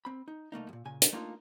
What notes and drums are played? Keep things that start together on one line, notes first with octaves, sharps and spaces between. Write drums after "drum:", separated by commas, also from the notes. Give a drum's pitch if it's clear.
C4 B5
D#4
C2 A3 A#3 D#4
F#2 A#2
A#2 C#3 G#5
drum: hi-hat
A3 A#3 D4 D#4 F4